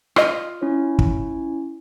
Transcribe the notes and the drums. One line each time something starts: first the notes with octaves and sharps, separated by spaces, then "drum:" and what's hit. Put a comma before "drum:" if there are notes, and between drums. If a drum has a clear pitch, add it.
F4 D#5, drum: rim click
C#4 E4 C#5
drum: kick